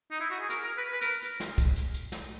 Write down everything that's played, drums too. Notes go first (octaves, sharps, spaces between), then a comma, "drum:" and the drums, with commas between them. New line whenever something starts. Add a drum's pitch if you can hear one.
D#4
E4
F#4
G#4
A#4, drum: hi-hat
A#4
B4
B4
A#4, drum: hi-hat
drum: hi-hat
drum: snare
drum: kick, hi-hat
drum: hi-hat
drum: hi-hat
drum: snare